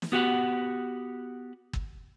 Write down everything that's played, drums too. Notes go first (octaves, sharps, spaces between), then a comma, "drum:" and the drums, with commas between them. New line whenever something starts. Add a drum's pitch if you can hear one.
drum: snare
B3 F#4 G4 F#5
drum: kick